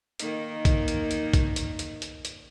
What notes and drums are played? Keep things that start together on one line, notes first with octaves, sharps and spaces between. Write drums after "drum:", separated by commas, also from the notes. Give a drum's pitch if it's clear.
D#3 A#3 D#4, drum: hi-hat
drum: kick A#1, hi-hat
drum: hi-hat
drum: hi-hat
drum: kick A#1, hi-hat
drum: hi-hat
drum: hi-hat
drum: hi-hat
drum: hi-hat